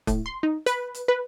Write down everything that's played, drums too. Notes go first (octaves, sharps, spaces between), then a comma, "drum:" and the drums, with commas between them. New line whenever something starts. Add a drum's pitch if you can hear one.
A2, drum: kick, hi-hat
C6
D#4
B4, drum: hi-hat
drum: hi-hat
B4